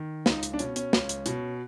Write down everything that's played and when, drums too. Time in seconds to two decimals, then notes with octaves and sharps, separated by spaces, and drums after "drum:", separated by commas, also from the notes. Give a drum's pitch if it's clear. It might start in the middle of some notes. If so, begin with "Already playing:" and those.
Already playing: D#3
0.26 C#2 D#4, drum: snare
0.43 drum: hi-hat
0.53 D4
0.59 B2 C#4, drum: hi-hat
0.76 C#4, drum: hi-hat
0.93 C#2, drum: snare
1.09 drum: hi-hat
1.26 B2, drum: hi-hat